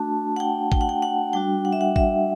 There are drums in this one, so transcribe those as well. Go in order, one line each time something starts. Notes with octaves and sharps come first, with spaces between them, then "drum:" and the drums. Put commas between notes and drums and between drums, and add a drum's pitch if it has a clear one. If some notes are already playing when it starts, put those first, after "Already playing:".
Already playing: A3 D4 F#4 A5
F#5
G5
G5, drum: kick
F#5
G5
F#5
G3 D4 F#4 G5
F#5
E5
F#5
E5, drum: kick